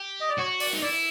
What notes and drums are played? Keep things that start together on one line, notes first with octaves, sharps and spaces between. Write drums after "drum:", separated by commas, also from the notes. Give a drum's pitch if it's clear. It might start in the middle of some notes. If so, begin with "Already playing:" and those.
Already playing: G4
D#5
D5
F#4 C#5
D5, drum: open hi-hat
D#4
E4 D5